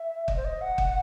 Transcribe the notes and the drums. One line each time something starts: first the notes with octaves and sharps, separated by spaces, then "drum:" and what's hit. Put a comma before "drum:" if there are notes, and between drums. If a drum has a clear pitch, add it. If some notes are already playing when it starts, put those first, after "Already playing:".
Already playing: E5
D#5, drum: kick
C5
D#5
F#5
drum: kick